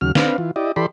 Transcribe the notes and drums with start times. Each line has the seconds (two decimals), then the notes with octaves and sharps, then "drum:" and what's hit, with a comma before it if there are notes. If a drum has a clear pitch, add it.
0.01 D#2 C#3 F#3 F6
0.15 C4 D4 B4 F5, drum: snare
0.38 E3 F4
0.56 E4 G4 D5 D#5
0.76 E3 G4 A4 D5 B5 C6